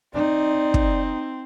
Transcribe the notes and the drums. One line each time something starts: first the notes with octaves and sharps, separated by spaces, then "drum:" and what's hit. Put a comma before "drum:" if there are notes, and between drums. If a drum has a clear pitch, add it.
C4 D#4 D5
drum: kick